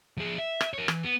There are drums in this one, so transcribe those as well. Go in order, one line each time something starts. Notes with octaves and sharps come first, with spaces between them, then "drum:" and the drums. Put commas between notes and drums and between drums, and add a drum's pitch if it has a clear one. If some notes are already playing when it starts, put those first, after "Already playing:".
F3 G#4
E5
drum: rim click
A#4 C#5
E3, drum: rim click
B3